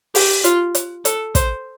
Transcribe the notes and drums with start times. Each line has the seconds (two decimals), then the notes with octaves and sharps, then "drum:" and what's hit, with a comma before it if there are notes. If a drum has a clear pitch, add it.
0.15 G4, drum: open hi-hat
0.44 F4, drum: hi-hat
0.75 drum: hi-hat
1.05 A4, drum: hi-hat
1.35 C5, drum: kick, hi-hat